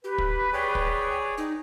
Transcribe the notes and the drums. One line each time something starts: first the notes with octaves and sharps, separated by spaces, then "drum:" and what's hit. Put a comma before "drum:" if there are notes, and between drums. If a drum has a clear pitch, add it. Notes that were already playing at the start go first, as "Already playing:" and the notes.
G4 B4
drum: kick
G#4 C#5 D5 G5
drum: kick
D#4